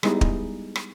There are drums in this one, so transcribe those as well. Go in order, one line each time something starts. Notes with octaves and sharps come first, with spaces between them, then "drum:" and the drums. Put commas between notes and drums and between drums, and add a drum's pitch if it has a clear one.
G3 G#3 B3 D#4 E4, drum: rim click
drum: kick
drum: rim click